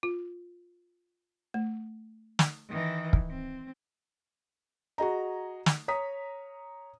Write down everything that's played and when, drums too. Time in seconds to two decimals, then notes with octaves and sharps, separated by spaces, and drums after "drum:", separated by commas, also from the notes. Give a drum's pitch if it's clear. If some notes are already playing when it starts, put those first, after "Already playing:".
0.03 F4
1.54 A3
2.39 drum: snare
2.69 D#3 E3
3.13 drum: kick
3.30 C4
4.98 F#4 G#4 D#5 A#5
5.66 drum: snare
5.88 C#5 A#5 D#6 B6